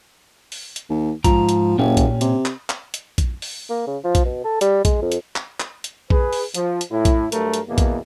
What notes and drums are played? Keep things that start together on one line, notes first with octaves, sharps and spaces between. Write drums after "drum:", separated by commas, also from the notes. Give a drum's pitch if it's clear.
drum: open hi-hat
drum: hi-hat
D#2
G#2 F3 A#5, drum: kick A#1, hi-hat
drum: hi-hat
F#1 A#2 C#4 G4
drum: kick A#1, hi-hat
C3, drum: hi-hat
drum: clap
drum: clap
drum: hi-hat
drum: kick A#1, hi-hat
drum: open hi-hat
A#3
C#3
F3
drum: kick A#1, hi-hat
B2
A4
G3, drum: hi-hat
G#3, drum: kick A#1, hi-hat
F2
drum: hi-hat
drum: clap
drum: clap
drum: hi-hat
G#4 B4, drum: kick A#1
drum: open hi-hat
F3, drum: hi-hat
drum: hi-hat
A2 E4
drum: kick A#1, hi-hat
G2 F#3 A3 A#4, drum: hi-hat
drum: hi-hat
E2 B2 A#3
drum: kick A#1, hi-hat